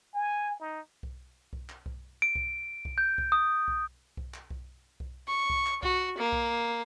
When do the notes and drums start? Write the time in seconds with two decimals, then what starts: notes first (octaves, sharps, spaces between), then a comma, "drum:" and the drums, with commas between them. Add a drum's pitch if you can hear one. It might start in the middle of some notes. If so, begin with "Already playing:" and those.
0.15 G#5
0.60 D#4
1.03 drum: kick B1
1.53 drum: kick B1
1.69 drum: clap
1.86 drum: kick B1
2.22 D7
2.35 drum: kick B1
2.85 drum: kick B1
2.98 G6
3.18 drum: kick B1
3.32 D#6
3.68 drum: kick B1
4.17 drum: kick B1
4.34 drum: clap
4.50 drum: kick B1
5.00 drum: kick B1
5.28 C#6
5.50 drum: kick B1
5.66 drum: clap
5.83 F#4, drum: kick B1
6.17 A#3
6.32 drum: kick B1